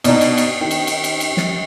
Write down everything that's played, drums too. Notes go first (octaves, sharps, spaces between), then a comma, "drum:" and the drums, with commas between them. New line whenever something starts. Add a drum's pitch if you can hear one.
B2 D4 D#4, drum: cymbal
drum: cymbal
drum: cymbal
D#3
drum: cymbal
drum: cymbal
drum: cymbal
drum: cymbal
drum: snare